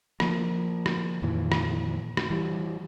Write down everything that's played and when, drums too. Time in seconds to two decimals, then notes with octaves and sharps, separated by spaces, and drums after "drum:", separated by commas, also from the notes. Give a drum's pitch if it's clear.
0.20 F3 A#3, drum: rim click
0.86 drum: rim click
1.22 F2 A#2 D#3 E3
1.52 drum: rim click
2.17 drum: rim click
2.30 E3 G3